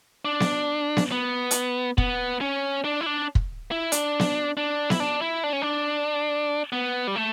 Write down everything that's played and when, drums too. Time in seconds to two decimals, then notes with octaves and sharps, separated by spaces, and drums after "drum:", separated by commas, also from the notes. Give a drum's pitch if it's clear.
0.25 D4
0.40 drum: snare B3
0.97 drum: snare B3
1.12 B3
1.51 drum: hi-hat
1.98 B3, drum: kick
2.41 C#4
2.84 D4
3.01 E4
3.06 D4
3.35 drum: kick
3.71 E4
3.92 D4, drum: hi-hat
4.20 drum: snare B3
4.57 D4
4.90 E4, drum: snare B3
5.00 D4
5.22 E4
5.44 D4
5.53 C#4
5.62 D4
6.73 B3
7.07 G3
7.16 A3